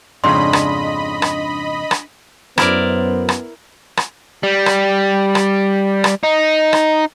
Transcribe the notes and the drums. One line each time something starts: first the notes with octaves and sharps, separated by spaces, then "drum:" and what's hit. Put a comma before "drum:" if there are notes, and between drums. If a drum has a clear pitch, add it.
F2 G#2 C#3 D4 D#5 B5 C6
drum: rim click
drum: rim click
drum: rim click
F#2 B3 E4 A#4 C5 D5, drum: rim click
drum: rim click
drum: rim click
G3
drum: rim click
drum: rim click
drum: rim click
D#4
drum: rim click